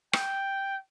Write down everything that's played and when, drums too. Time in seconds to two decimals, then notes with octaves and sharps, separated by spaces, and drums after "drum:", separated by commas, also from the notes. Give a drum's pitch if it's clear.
0.13 G5, drum: rim click